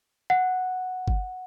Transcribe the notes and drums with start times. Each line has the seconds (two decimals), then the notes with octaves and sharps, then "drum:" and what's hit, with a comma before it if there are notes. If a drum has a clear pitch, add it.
0.30 F#5
1.08 drum: kick